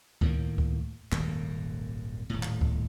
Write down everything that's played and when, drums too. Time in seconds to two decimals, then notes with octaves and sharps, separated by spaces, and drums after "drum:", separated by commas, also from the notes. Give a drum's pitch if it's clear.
0.21 A2 D#3 A#3, drum: kick C#2
0.58 drum: kick C#2
1.12 D#1 G#1 F#2 A#3, drum: clap
2.30 D#1 A2
2.43 drum: clap
2.61 drum: kick C#2